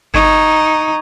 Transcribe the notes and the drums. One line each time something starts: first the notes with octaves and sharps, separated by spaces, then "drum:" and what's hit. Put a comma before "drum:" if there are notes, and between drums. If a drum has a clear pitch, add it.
D#4 A#5 C#6 G#6, drum: kick G1